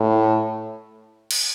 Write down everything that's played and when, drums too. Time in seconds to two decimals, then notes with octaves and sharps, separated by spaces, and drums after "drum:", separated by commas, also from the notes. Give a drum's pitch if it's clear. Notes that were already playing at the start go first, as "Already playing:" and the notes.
Already playing: A2
1.31 drum: cymbal